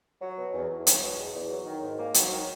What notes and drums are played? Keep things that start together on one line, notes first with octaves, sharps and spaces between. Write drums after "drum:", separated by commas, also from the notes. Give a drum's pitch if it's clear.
F#3
B2
E2
E2
F#3, drum: hi-hat
B2
E2
E2
F#3
D#3
G#2
A#3
F#3, drum: hi-hat
D#3